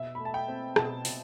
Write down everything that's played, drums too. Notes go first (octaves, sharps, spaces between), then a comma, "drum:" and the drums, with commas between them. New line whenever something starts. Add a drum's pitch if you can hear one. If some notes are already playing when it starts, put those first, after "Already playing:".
Already playing: B2 E5
B5
A3
A5
G5
C4
B2 A5, drum: rim click
B2, drum: open hi-hat